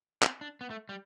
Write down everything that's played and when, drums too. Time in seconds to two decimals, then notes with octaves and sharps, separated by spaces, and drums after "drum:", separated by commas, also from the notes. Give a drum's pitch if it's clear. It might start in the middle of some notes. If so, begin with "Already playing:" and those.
0.22 C4, drum: clap
0.41 D4
0.61 B3
0.70 A3
0.89 G3